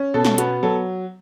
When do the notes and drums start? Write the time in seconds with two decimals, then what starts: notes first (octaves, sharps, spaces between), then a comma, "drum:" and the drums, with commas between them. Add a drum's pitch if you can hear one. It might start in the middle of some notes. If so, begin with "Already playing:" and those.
Already playing: C#4
0.14 B2 A4
0.25 drum: snare
0.38 B3 F#4, drum: hi-hat
0.63 F#3 A4